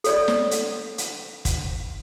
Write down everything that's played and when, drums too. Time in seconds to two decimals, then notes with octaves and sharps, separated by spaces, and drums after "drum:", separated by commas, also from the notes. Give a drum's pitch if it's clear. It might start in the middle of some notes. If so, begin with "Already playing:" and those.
0.04 A4 C#5 D5, drum: hi-hat
0.28 drum: snare
0.51 drum: hi-hat
0.98 drum: hi-hat
1.45 drum: kick, hi-hat